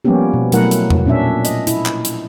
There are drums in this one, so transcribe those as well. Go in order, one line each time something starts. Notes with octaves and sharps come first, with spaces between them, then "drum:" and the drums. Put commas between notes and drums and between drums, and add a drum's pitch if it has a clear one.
F3 G3 A#3 B3 C#4 G4
B2
B2 F#3 A3 E4 A#4 F#5, drum: hi-hat
drum: hi-hat
drum: tom E2
A#2 C#4 D4 E5
D#5, drum: hi-hat
E4, drum: hi-hat
drum: clap
drum: hi-hat